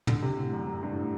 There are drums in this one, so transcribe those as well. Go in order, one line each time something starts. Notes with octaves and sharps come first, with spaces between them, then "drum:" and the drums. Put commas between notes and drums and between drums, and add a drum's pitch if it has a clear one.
D3, drum: tom
C3
A2
F#2
F#2
G2
A2